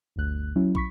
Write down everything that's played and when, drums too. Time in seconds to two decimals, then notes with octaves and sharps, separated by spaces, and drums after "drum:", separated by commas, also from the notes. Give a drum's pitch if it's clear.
0.16 G1 D2 F#6
0.56 F#3 C#4 E4
0.75 B5 C#6 B6, drum: kick